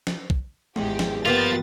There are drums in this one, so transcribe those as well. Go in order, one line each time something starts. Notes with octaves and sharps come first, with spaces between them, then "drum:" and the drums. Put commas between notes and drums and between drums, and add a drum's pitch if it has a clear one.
drum: snare
drum: kick
G#1 E2 G#2 G4, drum: tom G#3
drum: snare
G2 F3 A#3 B3 F4 G4 A6